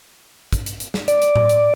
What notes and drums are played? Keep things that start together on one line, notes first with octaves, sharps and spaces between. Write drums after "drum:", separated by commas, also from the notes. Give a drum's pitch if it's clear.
drum: kick, hi-hat
drum: hi-hat
drum: hi-hat
drum: snare
D5, drum: hi-hat
drum: hi-hat
drum: tom A2
drum: hi-hat